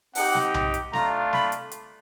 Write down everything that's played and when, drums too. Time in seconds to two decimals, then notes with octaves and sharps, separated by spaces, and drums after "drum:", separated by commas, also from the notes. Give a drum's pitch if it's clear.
0.15 C4 D#4 G4 F#5, drum: open hi-hat
0.35 drum: snare
0.54 drum: tom B1
0.74 drum: hi-hat
0.93 A3 D4 F4 A#5, drum: snare
1.33 B5, drum: snare
1.52 drum: hi-hat
1.72 drum: hi-hat